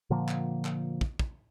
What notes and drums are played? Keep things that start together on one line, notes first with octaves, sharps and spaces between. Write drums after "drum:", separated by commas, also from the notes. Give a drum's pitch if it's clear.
A#2 D3 F3 A#3
drum: clap
drum: clap
drum: kick
drum: kick